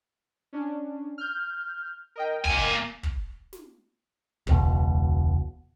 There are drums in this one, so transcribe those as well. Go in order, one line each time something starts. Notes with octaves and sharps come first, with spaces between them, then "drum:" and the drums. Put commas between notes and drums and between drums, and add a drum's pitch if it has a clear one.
C#4 D4
F6 G6
A#4 D#5 G5
A#3 G#5, drum: kick
drum: kick
drum: snare
E1 C#2 B2, drum: kick